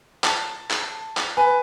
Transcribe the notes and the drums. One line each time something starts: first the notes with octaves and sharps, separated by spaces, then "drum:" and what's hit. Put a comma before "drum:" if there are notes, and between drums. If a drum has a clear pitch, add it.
A5, drum: clap
drum: clap
drum: clap
B4 G#5